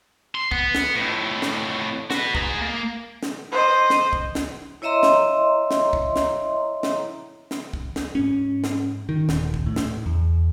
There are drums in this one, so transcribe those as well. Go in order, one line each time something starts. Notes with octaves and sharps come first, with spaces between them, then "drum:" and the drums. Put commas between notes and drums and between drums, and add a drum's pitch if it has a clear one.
C6
B3, drum: kick
drum: snare
F2 A2
drum: snare
F#4 B4, drum: snare
G#4 A#5, drum: kick
A#3
drum: snare
C5 D#5
drum: snare
drum: kick
drum: snare
E4 C#5 D#5 E5 A#5 C6
drum: snare
drum: snare
drum: kick
drum: snare
drum: snare
drum: snare
drum: kick
drum: snare
G#2 C#4
drum: snare
D#3
D#1, drum: snare
drum: kick
A2
drum: snare
E2